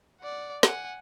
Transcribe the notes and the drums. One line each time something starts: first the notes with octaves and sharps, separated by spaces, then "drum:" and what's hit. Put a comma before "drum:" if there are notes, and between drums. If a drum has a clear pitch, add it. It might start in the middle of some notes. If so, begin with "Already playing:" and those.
D5 F#5
F#5 G#5, drum: snare